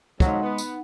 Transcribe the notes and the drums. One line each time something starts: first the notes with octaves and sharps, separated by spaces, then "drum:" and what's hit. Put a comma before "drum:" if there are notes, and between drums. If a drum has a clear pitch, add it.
F2 F#3 G#3 D#4 F#5, drum: kick
B3
drum: tambourine